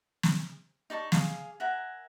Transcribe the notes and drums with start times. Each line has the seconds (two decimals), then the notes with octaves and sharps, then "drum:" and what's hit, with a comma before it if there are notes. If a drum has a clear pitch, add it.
0.23 drum: snare
0.90 D#4 D5 A5 C#6
1.12 G#4 F5 D6, drum: snare
1.60 A#4 E5 F#5 G#5